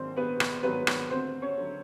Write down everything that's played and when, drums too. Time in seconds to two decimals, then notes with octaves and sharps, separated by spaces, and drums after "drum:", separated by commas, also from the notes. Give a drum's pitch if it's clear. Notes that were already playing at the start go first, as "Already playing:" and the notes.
Already playing: A#1 G#2 D#3 F#3 C4 C5
0.16 A#1 B3 B4
0.40 drum: rim click
0.63 G#2 D#3 F#3 B3 B4
0.87 drum: rim click
1.10 D2 C4 C5
1.42 C#4 C#5
1.57 D3 F#3